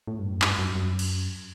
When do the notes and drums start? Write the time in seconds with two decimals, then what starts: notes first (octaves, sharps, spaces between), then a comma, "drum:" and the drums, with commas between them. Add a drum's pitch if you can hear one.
0.07 A2
0.19 G2
0.30 F#2
0.42 G2, drum: clap
0.58 F#2
0.76 F#2
0.99 drum: cymbal